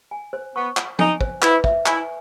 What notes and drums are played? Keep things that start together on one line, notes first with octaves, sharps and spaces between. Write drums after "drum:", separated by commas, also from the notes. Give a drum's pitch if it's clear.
G#5
C5
B3 C#6
F5, drum: clap
D#4 G#5, drum: tom
C5, drum: kick
E4 B4, drum: clap
E5, drum: kick
E4 G#5, drum: clap